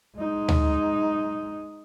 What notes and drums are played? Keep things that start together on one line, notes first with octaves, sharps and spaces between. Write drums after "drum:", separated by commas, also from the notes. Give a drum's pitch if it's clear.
G#3 D#4
drum: tom D2